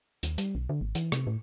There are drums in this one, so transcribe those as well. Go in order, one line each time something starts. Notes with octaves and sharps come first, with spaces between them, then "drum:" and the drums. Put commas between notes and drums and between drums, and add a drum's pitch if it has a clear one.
D#2, drum: hi-hat
G3, drum: hi-hat
B1
D3
G#1
E3, drum: hi-hat
C3, drum: rim click
A2